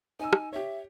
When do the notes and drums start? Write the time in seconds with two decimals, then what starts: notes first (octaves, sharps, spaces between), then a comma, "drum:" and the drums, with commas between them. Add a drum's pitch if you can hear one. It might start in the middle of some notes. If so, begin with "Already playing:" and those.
0.19 D#4 G#5 E6
0.33 drum: rim click
0.53 G4 C#5 E5